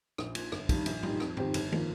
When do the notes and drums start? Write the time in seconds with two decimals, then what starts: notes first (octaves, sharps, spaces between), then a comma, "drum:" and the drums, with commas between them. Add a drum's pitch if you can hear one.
0.18 A#1, drum: rim click
0.35 A#2 F3, drum: cymbal
0.52 G1, drum: rim click
0.69 G2 D#3 G3, drum: kick, cymbal
0.86 A#1, drum: cymbal
1.03 A#2 G3 D#4 G4, drum: tom G#2
1.20 F2, drum: rim click
1.37 D#3 C4 G4, drum: tom G#2
1.54 G1, drum: cymbal
1.72 F3 A#3, drum: tom